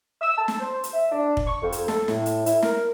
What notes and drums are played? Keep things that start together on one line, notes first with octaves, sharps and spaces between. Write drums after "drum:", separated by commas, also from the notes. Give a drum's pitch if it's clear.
E6
A5
drum: snare
C5
drum: hi-hat
E5
D4
drum: kick
C#6
F2
drum: hi-hat
A4, drum: snare
A2, drum: snare
drum: hi-hat
E4, drum: hi-hat
A#4, drum: snare